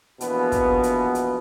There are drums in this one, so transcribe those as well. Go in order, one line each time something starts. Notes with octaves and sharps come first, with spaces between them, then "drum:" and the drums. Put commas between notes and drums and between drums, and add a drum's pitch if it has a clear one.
A#1 E2 B2 B3, drum: hi-hat
drum: kick, hi-hat
drum: hi-hat
drum: hi-hat